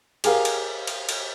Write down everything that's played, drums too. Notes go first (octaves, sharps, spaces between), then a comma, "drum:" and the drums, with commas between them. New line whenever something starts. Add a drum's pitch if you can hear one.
G4 G#4 A#4 F5, drum: cymbal
drum: cymbal
drum: cymbal
drum: cymbal